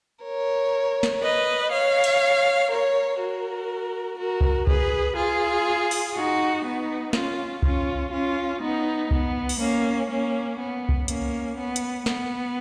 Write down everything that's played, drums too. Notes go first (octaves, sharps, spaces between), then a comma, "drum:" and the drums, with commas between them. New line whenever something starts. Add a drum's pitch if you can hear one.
A#4 C#5
drum: snare
B4 D#5
C#5 F5
drum: cymbal
A#4 C#5
F#4 A#4
F#4 A#4
drum: kick C2
G#4 B4, drum: kick C2
F4 G#4
drum: open hi-hat
D#4 F#4
B3 D#4
C#4 F4, drum: snare
C#4 F4, drum: kick C2
C#4 F4
B3 D#4
B3, drum: kick C2
drum: open hi-hat
A#3 C#4
A#3 C#4
B3
drum: kick C2
A#3 C#4, drum: hi-hat
B3
drum: hi-hat
B3, drum: snare